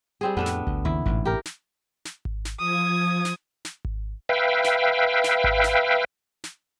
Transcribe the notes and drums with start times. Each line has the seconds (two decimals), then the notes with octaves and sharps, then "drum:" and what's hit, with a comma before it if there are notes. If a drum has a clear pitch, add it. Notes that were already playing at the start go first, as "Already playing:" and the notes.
0.21 G3 C4 G#4
0.37 F2 A2 B3 D4 A4
0.46 drum: snare
0.67 D2, drum: kick G#1
0.85 D#2 C#3 E4
1.06 A1 G#2 B2, drum: kick G#1
1.25 G4 A#4
1.45 drum: snare
2.05 drum: snare
2.25 drum: kick G#1
2.45 drum: snare
2.59 F3 D#6 G#6
3.25 drum: snare
3.65 drum: snare
3.85 drum: kick G#1
4.29 B4 E5 F5 G5
4.64 drum: snare
5.24 drum: snare
5.44 drum: kick G#1
5.64 drum: snare
6.44 drum: snare